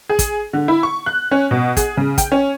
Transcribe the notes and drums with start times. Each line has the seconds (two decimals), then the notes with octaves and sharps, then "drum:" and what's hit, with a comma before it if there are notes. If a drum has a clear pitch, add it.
0.09 G#4
0.19 drum: kick, hi-hat
0.53 D3
0.68 E4
0.83 C#6
1.06 F#6
1.31 C#4
1.51 B2
1.77 G#4, drum: kick, hi-hat
1.97 C#3
2.18 G5, drum: kick, hi-hat
2.32 C#4